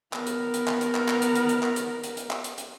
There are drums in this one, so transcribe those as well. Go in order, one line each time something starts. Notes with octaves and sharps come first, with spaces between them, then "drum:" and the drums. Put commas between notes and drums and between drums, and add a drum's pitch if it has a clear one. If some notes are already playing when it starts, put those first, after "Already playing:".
B3 A#4, drum: clap
drum: hi-hat
drum: hi-hat
drum: clap
drum: hi-hat
drum: clap
drum: clap
drum: hi-hat
drum: hi-hat
drum: hi-hat
drum: clap
drum: hi-hat
drum: hi-hat
drum: hi-hat
drum: clap
drum: hi-hat
drum: hi-hat